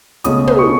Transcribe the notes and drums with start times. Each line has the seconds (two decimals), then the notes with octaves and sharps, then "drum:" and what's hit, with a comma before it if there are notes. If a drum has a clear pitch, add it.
0.24 C#2 B2 A3 C#4 D#6, drum: hi-hat
0.47 drum: tom
0.59 C#6